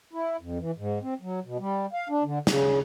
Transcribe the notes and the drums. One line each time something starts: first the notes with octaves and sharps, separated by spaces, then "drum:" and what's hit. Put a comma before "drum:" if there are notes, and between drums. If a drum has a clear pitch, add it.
E4
F2
E3
G#2
C4
F#3
B2
G3
F5
D4
D3
C#3, drum: snare